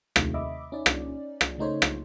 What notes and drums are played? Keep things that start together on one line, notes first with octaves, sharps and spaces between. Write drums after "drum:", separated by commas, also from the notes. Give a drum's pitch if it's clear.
D#2 C3 D#3 A3, drum: rim click
D#5 E5 B5 D6
C#4 D#4 D5
drum: rim click
drum: rim click
C#3 A3 D#4 C5 C#5
drum: rim click